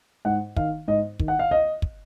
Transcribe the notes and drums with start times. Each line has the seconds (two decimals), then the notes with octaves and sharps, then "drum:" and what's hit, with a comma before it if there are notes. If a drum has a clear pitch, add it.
0.25 G#2 F#5
0.56 D#3 F5, drum: kick
0.88 G#2 D#5
1.19 D#3, drum: kick
1.28 F#5
1.39 F5
1.51 D#5
1.82 drum: kick